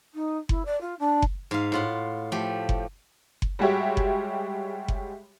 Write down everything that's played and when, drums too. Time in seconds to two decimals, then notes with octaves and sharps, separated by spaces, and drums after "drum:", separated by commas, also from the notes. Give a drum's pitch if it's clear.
0.14 D#4
0.49 E4, drum: kick F#1
0.66 D5
0.81 F4
1.00 D4
1.22 drum: kick F#1
1.51 G#2 F5
1.72 A2 F4 F#5
2.32 F3 A3 G4
2.69 drum: kick F#1
3.42 drum: kick F#1
3.59 G3 G#3 F#4 G4 C#5 E5
3.97 drum: kick F#1
4.88 drum: kick F#1